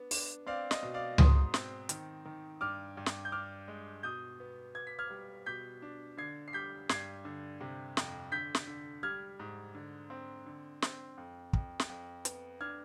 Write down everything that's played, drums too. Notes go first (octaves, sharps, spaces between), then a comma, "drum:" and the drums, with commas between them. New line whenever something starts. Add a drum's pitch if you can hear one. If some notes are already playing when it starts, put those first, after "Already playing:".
Already playing: B3 D4
D4, drum: open hi-hat
C4 D5 F5
D#5, drum: snare
B2
D5 F5
G#2 C6 D#6, drum: tom C#2
C4, drum: snare
D#3, drum: hi-hat
D#3
G2 D6 F6
G2
drum: snare
G6
D4 D6 F6
G#3
B2 D#6 G6
B3
B3 G#6
B6
F6 G#6
G3
B2 G6 B6
D4
D3 G#6 C7
C7
G3 G6 B6
G2 G#6 C7, drum: snare
D3
C3
F2, drum: snare
D3 G6 B6
drum: snare
D3
G3 F6 G#6
G#2
D3
C4
D3
C4, drum: snare
F2
F2, drum: kick
drum: snare
F2
B3, drum: hi-hat
D4 F6 G#6